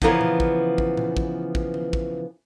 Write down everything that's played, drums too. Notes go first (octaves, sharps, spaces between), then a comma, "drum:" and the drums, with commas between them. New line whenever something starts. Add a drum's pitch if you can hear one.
C#3 E3 F3 B3 A#4 C#5, drum: kick
drum: tom A#2
drum: kick
drum: kick
drum: tom A#2
drum: kick
drum: kick
drum: tom D#3
drum: kick